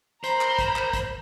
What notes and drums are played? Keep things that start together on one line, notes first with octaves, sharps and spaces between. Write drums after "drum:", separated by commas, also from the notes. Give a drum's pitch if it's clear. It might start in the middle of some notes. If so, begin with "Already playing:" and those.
A#4 C5 A#5 B5, drum: hi-hat
drum: clap
drum: kick, hi-hat
drum: clap
drum: kick, hi-hat